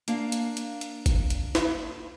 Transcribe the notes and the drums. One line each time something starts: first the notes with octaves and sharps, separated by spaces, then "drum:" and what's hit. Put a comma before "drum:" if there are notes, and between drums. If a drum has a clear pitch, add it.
A#3 D4 F5, drum: hi-hat
drum: hi-hat
drum: hi-hat
drum: hi-hat
drum: kick F#1, hi-hat
drum: hi-hat
drum: snare